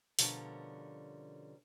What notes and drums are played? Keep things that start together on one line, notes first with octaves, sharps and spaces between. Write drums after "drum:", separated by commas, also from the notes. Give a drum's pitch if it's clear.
B2 D3 F3 G3 C#4 A#4, drum: open hi-hat